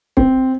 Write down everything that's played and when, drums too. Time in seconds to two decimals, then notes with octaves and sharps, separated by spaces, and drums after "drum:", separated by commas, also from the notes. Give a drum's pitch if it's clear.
0.17 C4, drum: kick